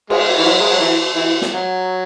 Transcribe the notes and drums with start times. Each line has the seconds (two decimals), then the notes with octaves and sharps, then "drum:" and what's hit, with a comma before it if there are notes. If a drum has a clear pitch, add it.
0.10 G#3, drum: cymbal
0.38 E3
0.45 F#3
0.60 G#3
0.71 F#3
0.80 E3
1.16 E3
1.42 drum: snare
1.51 F#3